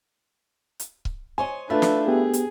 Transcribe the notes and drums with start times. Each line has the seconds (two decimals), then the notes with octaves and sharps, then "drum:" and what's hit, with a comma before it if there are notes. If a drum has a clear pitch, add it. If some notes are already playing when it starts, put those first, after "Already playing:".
0.79 drum: hi-hat
1.05 drum: kick C#1
1.38 C5 C#5 D#5 G#5
1.70 A3 D4 E4 F4 B4 E5
1.82 drum: snare
2.08 B3 G4 G#4
2.33 drum: hi-hat